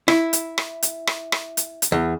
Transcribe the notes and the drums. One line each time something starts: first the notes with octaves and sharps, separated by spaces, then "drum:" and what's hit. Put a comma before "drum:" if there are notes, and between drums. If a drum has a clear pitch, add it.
E4, drum: rim click
drum: hi-hat
drum: rim click
drum: hi-hat
drum: rim click
drum: rim click
drum: hi-hat
drum: hi-hat
E2